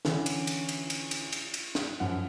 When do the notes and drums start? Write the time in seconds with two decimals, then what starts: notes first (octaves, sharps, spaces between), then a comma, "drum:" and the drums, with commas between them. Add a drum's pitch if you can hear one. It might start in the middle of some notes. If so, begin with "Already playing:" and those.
0.05 D3 E3 C#4 E4, drum: snare
0.26 drum: cymbal
0.47 drum: cymbal
0.69 drum: cymbal
0.90 drum: cymbal
1.11 drum: cymbal
1.32 drum: cymbal
1.54 drum: cymbal
1.75 drum: snare
2.00 F#2 F3 F#5